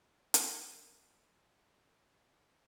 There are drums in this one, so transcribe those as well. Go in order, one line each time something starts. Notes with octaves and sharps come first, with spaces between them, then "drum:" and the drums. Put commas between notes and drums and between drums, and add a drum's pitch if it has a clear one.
drum: hi-hat
F#2 D#3 E3 G#3 A#3 B3